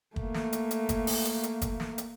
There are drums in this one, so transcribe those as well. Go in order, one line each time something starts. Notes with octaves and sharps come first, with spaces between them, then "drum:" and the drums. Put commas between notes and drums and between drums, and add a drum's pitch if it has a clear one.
A3 A#3, drum: kick
drum: snare
drum: hi-hat
drum: hi-hat
drum: kick, hi-hat
drum: open hi-hat
drum: hi-hat
drum: hi-hat
drum: kick, hi-hat
drum: snare
drum: hi-hat